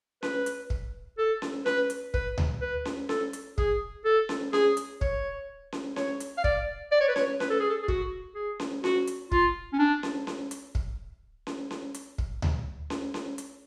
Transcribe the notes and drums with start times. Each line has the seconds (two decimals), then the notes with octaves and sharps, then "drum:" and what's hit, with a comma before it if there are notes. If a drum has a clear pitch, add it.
0.23 B4, drum: snare C#4
0.46 drum: hi-hat
0.70 drum: kick
1.18 A4
1.42 drum: snare C#4
1.66 B4, drum: snare C#4
1.90 drum: hi-hat
2.14 B4, drum: kick
2.38 drum: tom D2
2.61 B4
2.85 drum: snare C#4
3.09 A4, drum: snare C#4
3.33 drum: hi-hat
3.58 G#4, drum: kick
4.05 A4
4.29 drum: snare C#4
4.53 G#4, drum: snare C#4
4.77 drum: hi-hat
5.01 C#5, drum: kick
5.72 drum: snare C#4
5.96 C#5, drum: snare C#4
6.20 drum: hi-hat
6.37 F5
6.44 D5, drum: kick
6.92 D5
7.00 C#5
7.08 B4
7.16 C#5, drum: snare C#4
7.40 B4, drum: snare C#4
7.50 A4
7.60 G#4
7.70 A4
7.83 G#4
7.88 F#4, drum: kick
8.35 G#4
8.60 drum: snare C#4
8.84 F#4, drum: snare C#4
9.07 drum: hi-hat
9.32 F4, drum: kick
9.73 C#4
9.79 D4
10.03 drum: snare C#4
10.27 drum: snare C#4
10.51 drum: hi-hat
10.75 drum: kick
11.47 drum: snare C#4
11.71 drum: snare C#4
11.94 drum: hi-hat
12.18 drum: kick
12.42 drum: tom D2
12.90 drum: snare C#4
13.14 drum: snare C#4
13.38 drum: hi-hat